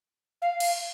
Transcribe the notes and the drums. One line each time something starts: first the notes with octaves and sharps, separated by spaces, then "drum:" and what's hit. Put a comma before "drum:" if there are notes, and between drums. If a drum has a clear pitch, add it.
F5
drum: cymbal